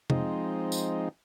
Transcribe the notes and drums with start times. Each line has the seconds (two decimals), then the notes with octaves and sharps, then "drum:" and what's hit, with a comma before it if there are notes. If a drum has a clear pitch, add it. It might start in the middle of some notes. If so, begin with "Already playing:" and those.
0.10 F3 G#3 C4 D#4, drum: tom C3
0.72 drum: tambourine